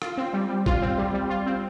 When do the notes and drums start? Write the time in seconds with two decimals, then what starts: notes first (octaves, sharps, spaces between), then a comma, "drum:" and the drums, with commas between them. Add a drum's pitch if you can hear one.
0.02 F4, drum: rim click
0.17 C4
0.33 G3
0.49 G3
0.66 F4, drum: kick A1
0.82 C4
0.98 G3
1.14 G3
1.30 F4
1.46 C4